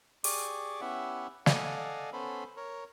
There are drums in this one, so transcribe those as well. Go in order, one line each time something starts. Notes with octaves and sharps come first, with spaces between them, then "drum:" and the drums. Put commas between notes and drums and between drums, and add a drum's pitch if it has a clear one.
G4 G#4 D5 C#6 D6, drum: open hi-hat
B3 C#4 E4 G4 E5 F#5
A4 D5 D#5 F5 F#5 G#5, drum: snare
B3 C#4 A4 C5 B5
A#4 C#5